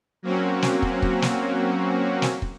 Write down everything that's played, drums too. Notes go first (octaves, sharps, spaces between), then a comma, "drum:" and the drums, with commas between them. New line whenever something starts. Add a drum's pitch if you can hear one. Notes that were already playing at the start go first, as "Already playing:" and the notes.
F#3 A#3 C4 C#4 F#4
drum: snare
drum: kick
drum: kick
drum: snare
drum: snare
drum: kick